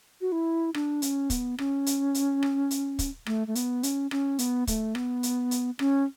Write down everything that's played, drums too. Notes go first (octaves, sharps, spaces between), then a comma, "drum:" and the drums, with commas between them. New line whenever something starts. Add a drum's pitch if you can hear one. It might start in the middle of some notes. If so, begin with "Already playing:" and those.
F#4
E4
D4, drum: rim click
C#4, drum: hi-hat
B3, drum: kick, hi-hat
C#4, drum: rim click
drum: hi-hat
drum: hi-hat
drum: rim click
drum: hi-hat
drum: kick, hi-hat
A3, drum: rim click
A3
B3, drum: hi-hat
C#4, drum: hi-hat
C#4, drum: rim click
B3, drum: hi-hat
A3, drum: kick, hi-hat
B3, drum: rim click
drum: hi-hat
drum: hi-hat
C#4, drum: rim click